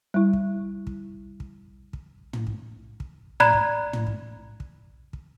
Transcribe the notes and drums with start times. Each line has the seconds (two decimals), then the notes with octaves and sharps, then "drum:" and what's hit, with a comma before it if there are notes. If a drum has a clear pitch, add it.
0.14 G3 E4
0.33 drum: kick
0.87 drum: kick
1.40 drum: kick
1.93 drum: kick
2.33 drum: tom
2.47 drum: kick
3.00 drum: kick
3.40 D5 A#5 B5 F#6 G#6, drum: tom
3.53 drum: kick
3.93 drum: tom
4.07 drum: kick
4.60 drum: kick
5.13 drum: kick